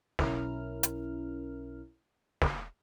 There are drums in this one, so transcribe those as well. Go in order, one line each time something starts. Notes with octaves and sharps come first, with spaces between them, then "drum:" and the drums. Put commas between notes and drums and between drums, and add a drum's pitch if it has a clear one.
B1 C#4 E4 A#4 F6, drum: snare
drum: hi-hat
drum: snare